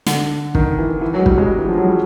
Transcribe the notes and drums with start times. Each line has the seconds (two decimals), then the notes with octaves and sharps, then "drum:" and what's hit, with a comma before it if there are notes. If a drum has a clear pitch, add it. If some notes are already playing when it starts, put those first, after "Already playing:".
0.06 D3, drum: snare
0.55 D#3, drum: kick
0.78 E3
1.01 E3
1.14 F#3
1.20 G#3
1.26 G3, drum: kick
1.38 G#3
1.58 E3
1.68 F3
1.78 F#3
1.88 G3